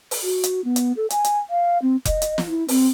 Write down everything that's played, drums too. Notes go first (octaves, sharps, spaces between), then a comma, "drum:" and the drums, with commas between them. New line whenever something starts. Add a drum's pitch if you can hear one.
drum: open hi-hat
F#4
drum: hi-hat
B3
drum: hi-hat
A4
G#5, drum: hi-hat
drum: hi-hat
F5
C4
D#5, drum: kick F1, hi-hat
drum: hi-hat
drum: snare
E4
C4, drum: open hi-hat